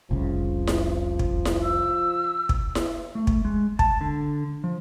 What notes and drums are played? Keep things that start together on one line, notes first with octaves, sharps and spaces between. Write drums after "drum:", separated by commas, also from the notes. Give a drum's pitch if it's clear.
F1 C2 C#3 F3
drum: snare E4
drum: kick
drum: snare E4
E6
drum: kick
drum: snare E4
A3
drum: kick
G#3
A5, drum: kick
D3
F3